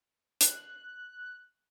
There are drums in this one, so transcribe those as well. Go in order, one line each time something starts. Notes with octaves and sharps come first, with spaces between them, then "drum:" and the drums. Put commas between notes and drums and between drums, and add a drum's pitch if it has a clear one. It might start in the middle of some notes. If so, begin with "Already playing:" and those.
F#6, drum: hi-hat